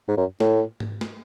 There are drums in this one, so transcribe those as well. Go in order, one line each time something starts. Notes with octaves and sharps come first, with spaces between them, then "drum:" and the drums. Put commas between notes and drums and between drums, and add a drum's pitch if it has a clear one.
G#2
F#2
A2, drum: snare
drum: tom G#2
drum: snare